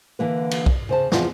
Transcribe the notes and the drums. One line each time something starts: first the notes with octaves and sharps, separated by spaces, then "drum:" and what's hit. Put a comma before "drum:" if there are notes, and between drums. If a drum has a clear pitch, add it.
D3 E3 A#3 B4
drum: cymbal
drum: kick B1
C#3 C5 A5
E2 C3 F3 F4, drum: snare